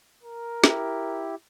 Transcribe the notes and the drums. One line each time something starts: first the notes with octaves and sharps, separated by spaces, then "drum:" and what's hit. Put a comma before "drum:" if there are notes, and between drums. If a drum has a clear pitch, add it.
A#4
E4 G4, drum: snare